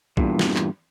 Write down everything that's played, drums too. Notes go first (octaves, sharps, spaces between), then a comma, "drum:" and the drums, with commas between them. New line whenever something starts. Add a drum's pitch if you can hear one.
E2 G2 A#2, drum: kick A#1
drum: snare
drum: clap